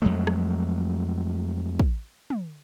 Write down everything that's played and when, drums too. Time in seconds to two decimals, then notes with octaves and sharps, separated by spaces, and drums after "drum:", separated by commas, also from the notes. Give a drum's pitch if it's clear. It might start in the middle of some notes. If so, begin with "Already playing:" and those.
0.02 F2 F#3 G#3 A3
0.27 drum: rim click
1.80 drum: kick
2.30 drum: tom